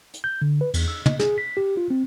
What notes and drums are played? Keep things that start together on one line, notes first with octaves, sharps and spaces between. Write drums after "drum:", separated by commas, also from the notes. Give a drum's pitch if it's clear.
drum: hi-hat
G6
D3
B4
E2, drum: cymbal
E6
D#5, drum: tom
G#4, drum: snare
B6
G4
F4
C4